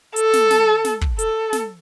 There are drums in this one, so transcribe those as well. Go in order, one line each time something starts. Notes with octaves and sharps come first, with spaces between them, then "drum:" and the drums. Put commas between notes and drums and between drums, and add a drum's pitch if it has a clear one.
A4, drum: hi-hat
drum: snare
drum: snare
drum: snare
drum: kick
A4, drum: hi-hat
drum: snare